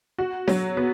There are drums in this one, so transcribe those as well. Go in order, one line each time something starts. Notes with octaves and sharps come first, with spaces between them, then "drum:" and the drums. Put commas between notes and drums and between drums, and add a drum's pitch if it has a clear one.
F#4
F#3, drum: snare D4
B3